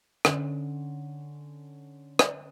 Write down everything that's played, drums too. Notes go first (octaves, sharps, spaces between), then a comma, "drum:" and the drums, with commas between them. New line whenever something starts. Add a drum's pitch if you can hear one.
D3 C#4, drum: rim click
drum: rim click